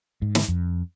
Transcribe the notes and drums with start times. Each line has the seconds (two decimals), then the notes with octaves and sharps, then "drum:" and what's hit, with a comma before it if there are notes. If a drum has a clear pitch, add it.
0.22 G#2
0.35 drum: snare
0.48 F2